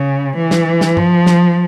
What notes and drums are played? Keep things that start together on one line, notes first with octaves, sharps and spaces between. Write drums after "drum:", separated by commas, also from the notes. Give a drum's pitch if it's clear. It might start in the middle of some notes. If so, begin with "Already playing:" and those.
Already playing: C#3
E3
drum: snare
drum: snare
F3, drum: tom
drum: snare